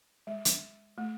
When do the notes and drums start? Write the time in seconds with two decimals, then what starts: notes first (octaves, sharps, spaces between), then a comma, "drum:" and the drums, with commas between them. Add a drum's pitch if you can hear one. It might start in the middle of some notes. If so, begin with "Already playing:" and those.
0.27 G#3
0.45 drum: hi-hat
0.98 A3